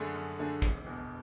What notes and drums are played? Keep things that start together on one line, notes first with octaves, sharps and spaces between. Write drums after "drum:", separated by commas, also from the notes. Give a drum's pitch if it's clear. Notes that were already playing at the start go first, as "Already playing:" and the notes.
Already playing: F#2 D3 A3 D4 G#4
F#2
D3 A3 D4 G#4
E1, drum: kick
E2 B2